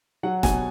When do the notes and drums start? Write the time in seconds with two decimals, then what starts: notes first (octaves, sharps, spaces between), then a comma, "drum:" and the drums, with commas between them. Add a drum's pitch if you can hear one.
0.23 F#3 F#5
0.43 B2 G#5, drum: snare E1